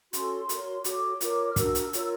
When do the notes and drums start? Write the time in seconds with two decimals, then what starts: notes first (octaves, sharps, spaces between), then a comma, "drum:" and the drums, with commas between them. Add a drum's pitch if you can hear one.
0.13 C#4 F#4 A4 C6, drum: hi-hat
0.49 F#4 A#4 C#5, drum: hi-hat
0.84 F#4 A4 C#5 D6, drum: hi-hat
1.21 F4 A#4 C#5, drum: hi-hat
1.50 F6
1.56 D4 F#4 A#4 E6, drum: kick, hi-hat
1.75 drum: hi-hat
1.93 F4 A#4 C#5, drum: hi-hat